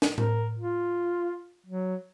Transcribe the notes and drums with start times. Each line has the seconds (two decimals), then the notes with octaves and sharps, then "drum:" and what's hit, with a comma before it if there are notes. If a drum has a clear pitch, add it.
0.02 drum: snare
0.18 A#4, drum: tom A2
0.59 F4
1.67 F#3